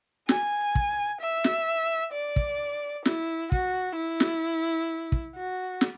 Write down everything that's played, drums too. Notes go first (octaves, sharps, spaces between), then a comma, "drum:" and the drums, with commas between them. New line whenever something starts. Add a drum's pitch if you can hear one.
G#5, drum: snare
drum: kick
E5
drum: snare
D5
drum: kick
E4, drum: snare
F#4, drum: kick
E4
drum: snare
drum: kick
F#4
drum: snare